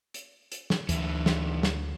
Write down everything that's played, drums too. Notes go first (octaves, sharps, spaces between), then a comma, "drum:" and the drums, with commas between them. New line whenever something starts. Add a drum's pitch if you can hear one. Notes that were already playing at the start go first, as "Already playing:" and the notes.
drum: hi-hat
drum: hi-hat
drum: snare
D2 D3 E3, drum: hi-hat
drum: snare
drum: snare